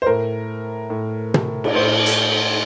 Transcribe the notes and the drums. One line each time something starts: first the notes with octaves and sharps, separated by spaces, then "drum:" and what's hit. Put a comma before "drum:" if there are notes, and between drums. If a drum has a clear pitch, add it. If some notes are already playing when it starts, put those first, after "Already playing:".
C5
A2 A#4
A2
drum: tom
drum: cymbal
A2 C5
drum: hi-hat